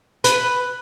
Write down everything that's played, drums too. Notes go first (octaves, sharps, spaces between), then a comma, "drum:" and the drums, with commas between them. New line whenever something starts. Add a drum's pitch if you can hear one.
B4, drum: hi-hat